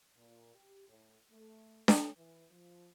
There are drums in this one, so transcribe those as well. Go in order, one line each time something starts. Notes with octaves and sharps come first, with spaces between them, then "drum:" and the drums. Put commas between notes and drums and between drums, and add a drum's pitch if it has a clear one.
A#2
G4
A2
A3
drum: snare D4
E3
F3